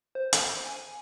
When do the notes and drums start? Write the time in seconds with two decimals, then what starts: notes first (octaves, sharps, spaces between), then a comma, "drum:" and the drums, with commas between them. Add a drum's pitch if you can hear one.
0.15 C5
0.33 drum: hi-hat
0.66 G#5